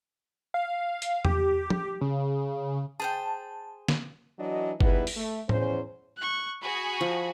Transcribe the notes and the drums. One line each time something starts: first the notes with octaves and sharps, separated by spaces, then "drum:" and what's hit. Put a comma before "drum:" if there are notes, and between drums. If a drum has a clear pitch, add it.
F5
drum: hi-hat
G4, drum: tom E2
drum: tom
C#3
G#4 C5 G5 A5
drum: snare
E3 F#3 D4 F#4 D#5
G3 B3 D#4 E4 G#4 B4, drum: kick G1
drum: open hi-hat
A3
E2 C#4 C5, drum: tom A2
C#6 F#6
F#4 G#4 B5
F3